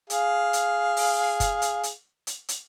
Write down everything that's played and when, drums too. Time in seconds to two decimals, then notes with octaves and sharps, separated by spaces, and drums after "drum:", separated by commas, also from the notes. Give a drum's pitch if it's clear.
0.10 G#4 F5, drum: hi-hat
0.53 drum: hi-hat
0.97 drum: open hi-hat
1.40 drum: kick F#1, hi-hat
1.62 drum: hi-hat
1.83 drum: hi-hat
2.27 drum: hi-hat
2.49 drum: hi-hat